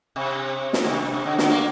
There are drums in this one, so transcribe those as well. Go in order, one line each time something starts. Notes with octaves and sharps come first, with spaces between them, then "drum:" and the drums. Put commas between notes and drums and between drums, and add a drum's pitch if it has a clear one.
C3
drum: snare
D3
C3
C3
C3
D3
D3, drum: snare
A#3